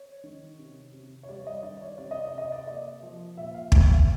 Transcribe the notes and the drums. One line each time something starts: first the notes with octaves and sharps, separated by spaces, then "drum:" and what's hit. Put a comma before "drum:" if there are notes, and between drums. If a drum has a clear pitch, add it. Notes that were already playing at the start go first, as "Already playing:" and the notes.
Already playing: C#5
D#3
C3
C3
C#5
G3 D5
D#5
D#3 D5
C#5
C3 D5
D#5
D5
C3 D#5
D5
A#3 D#5
F3
A#2 E5
F5
A#3 E5, drum: kick
F5